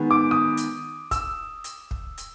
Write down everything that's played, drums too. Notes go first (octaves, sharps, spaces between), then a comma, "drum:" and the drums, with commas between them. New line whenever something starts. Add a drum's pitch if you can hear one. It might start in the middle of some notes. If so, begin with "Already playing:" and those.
Already playing: D#3 G#3 B3
D6
D#6
drum: hi-hat
E6, drum: kick, hi-hat
drum: hi-hat
drum: kick
drum: hi-hat